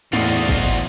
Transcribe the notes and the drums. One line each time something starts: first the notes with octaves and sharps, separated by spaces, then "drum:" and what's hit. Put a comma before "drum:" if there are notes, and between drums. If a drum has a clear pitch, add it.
E2 A2 F4 C5 D5 D#5 F#5, drum: snare
drum: kick